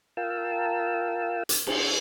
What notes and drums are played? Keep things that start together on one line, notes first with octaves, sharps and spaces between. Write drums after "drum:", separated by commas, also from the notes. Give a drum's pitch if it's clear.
F4 A#4 F5 G5 A5 E6
drum: hi-hat
drum: cymbal